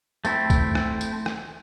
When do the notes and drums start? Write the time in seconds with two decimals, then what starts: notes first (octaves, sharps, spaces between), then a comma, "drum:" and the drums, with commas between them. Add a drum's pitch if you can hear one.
0.25 A3 C4 E4, drum: tambourine
0.50 drum: kick C2, tambourine
0.75 drum: rim click
1.01 drum: tambourine
1.26 drum: rim click